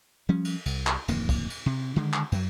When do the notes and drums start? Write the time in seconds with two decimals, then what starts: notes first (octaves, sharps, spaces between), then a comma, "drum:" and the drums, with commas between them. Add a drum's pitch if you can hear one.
0.29 F3 G3 C#4
0.45 drum: cymbal
0.66 C2, drum: cymbal
0.87 drum: clap
1.08 D1 F2 D#3 A#3, drum: cymbal
1.29 drum: kick, cymbal
1.50 drum: cymbal
1.66 C3
1.96 D3 D#3 G#3
2.13 drum: clap
2.32 F#2 F#3, drum: cymbal